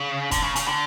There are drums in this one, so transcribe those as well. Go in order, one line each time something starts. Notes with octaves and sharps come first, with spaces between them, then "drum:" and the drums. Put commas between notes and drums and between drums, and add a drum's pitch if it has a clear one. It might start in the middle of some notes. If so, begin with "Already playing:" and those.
Already playing: C#3
D3, drum: kick F1, hi-hat
C#3
C#3, drum: hi-hat
D3